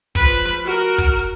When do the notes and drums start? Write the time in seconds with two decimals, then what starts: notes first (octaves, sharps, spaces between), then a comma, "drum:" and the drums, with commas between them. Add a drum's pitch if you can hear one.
0.15 F3 B4, drum: kick, hi-hat
0.64 F#4 A#4
0.98 drum: kick, hi-hat
1.19 drum: hi-hat